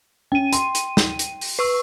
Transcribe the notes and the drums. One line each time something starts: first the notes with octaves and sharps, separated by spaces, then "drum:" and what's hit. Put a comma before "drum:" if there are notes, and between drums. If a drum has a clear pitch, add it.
C#4 G5 D#7
C6, drum: hi-hat
drum: hi-hat
drum: snare
drum: hi-hat
drum: open hi-hat
B4 C#6 E6